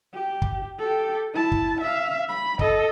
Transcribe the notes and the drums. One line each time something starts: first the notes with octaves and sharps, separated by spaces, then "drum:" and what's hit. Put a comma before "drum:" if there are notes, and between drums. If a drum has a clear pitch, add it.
G4
drum: kick
G4 A4
E4 A5
drum: kick
E5 F5
B5
A4 D#5, drum: kick